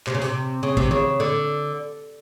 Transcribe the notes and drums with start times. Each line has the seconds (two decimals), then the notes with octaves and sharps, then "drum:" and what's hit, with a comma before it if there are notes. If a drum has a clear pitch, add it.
0.07 C3, drum: clap
0.14 C#3
0.22 C3, drum: hi-hat
0.63 C#3
0.77 C3, drum: kick
0.91 C#3, drum: tom D#3
1.20 D3